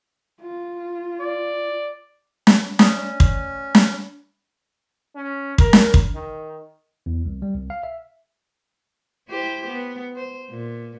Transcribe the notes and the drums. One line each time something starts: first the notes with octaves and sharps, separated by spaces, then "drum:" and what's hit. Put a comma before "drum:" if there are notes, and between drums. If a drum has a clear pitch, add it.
F4
D5
drum: snare
A3 C#4 D5 D#6, drum: snare
drum: kick
drum: snare
C#4
A#4, drum: kick
drum: snare
drum: kick
D#3
E2
C2
G3
C2
F5
E5
E4 G4 C5
B3
C5
A#2